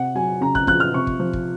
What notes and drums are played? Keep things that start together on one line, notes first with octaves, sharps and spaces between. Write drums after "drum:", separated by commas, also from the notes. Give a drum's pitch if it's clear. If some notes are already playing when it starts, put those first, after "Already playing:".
Already playing: C3 F#5
F#3 G#5
C#3 A#5
F#6, drum: kick
F3 F#6, drum: kick
F6
C3 C#6
drum: kick
F3
drum: kick